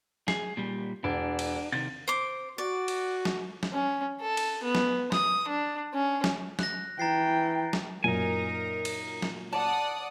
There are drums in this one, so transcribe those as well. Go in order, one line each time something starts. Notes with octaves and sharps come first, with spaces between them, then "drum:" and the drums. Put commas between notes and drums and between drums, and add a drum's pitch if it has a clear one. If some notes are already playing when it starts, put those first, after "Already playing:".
G#4 C7, drum: snare
A#2 G3
E1 D4
drum: cymbal
C3 D#3 A6
C5 D6
F#4 D5
drum: cymbal
drum: snare
drum: snare
C#4
A4
drum: cymbal
B3
drum: snare
D#6, drum: snare
D4
C#4
drum: snare
F#6 A#6, drum: snare
E3 G5 A#5 A6 C7
drum: snare
F#2 A#2 D#4 A#4 G#5
drum: cymbal
drum: snare
D5 F#5 A5 D#6